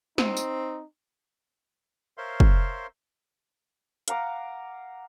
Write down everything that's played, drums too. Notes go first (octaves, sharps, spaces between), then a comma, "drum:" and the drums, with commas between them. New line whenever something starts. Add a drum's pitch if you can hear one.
C4 D#4, drum: snare
drum: tambourine
A#4 C5 C#5 E5 F5 C6
drum: kick
F5 F#5 A#5 D6, drum: hi-hat